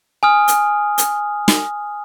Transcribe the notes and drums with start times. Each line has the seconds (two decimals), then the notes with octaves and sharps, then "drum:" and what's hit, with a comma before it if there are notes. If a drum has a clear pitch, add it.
0.23 G#5 D#6 F6
0.48 drum: hi-hat
0.98 drum: hi-hat
1.48 drum: snare